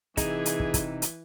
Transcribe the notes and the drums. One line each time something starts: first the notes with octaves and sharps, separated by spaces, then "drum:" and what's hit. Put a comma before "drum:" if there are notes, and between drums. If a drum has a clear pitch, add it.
C3 E3 D#4 G#4, drum: kick, hi-hat
drum: hi-hat
drum: kick
drum: kick, hi-hat
drum: hi-hat